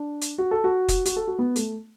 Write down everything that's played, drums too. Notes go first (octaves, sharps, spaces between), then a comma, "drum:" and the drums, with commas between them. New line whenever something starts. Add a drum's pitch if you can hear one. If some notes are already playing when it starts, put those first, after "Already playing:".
Already playing: D4
drum: hi-hat
F#4
A4
F#4
drum: kick, hi-hat
F#4, drum: hi-hat
A4
F#4
B3
A3, drum: hi-hat